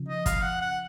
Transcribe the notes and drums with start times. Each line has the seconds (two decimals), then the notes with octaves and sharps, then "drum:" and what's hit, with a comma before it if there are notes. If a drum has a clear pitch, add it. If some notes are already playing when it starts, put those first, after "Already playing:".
Already playing: C#3 F3
0.08 D#5
0.26 F5, drum: kick, hi-hat
0.43 F#5
0.61 F#5